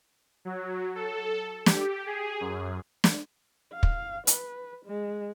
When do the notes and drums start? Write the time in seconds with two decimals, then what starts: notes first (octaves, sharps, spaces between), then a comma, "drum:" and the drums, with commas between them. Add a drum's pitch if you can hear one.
0.45 F#3
0.95 A4
1.66 G4, drum: snare
2.06 G#4
2.41 F#2
3.04 drum: snare
3.73 F5
3.83 drum: kick
4.27 B4, drum: hi-hat
4.86 G#3